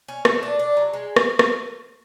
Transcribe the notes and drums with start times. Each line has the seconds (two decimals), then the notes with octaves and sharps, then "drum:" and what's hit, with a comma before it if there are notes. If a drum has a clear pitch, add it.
0.08 C#4
0.25 A3, drum: rim click
0.43 D4
0.59 D4
0.77 F#3
0.93 G#3
1.16 drum: rim click
1.39 drum: rim click